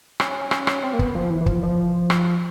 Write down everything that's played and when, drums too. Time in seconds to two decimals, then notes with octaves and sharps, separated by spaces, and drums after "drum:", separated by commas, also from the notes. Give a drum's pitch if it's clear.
0.20 C#4, drum: rim click
0.31 C#4
0.41 C#4
0.51 C#4, drum: rim click
0.67 drum: rim click
0.83 C4
0.93 A#3
0.99 B3, drum: kick
1.15 F3
1.30 E3
1.41 E3
1.46 F3, drum: kick
1.62 F3
2.10 drum: rim click